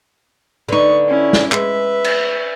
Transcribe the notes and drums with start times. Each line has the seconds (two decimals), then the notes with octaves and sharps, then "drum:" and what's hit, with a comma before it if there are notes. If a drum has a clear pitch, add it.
0.69 D3 D#4 B4 C#6
1.08 C#4 E4
1.33 drum: snare
1.52 G#3 B4 E5, drum: clap
2.04 drum: cymbal